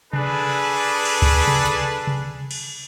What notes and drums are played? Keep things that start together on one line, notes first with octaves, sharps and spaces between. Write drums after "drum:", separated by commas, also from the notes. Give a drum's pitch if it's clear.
D4 G#4 A4 B4, drum: tom C3
drum: cymbal
drum: kick C#2
drum: tom C3
drum: tambourine
drum: tom C3
drum: cymbal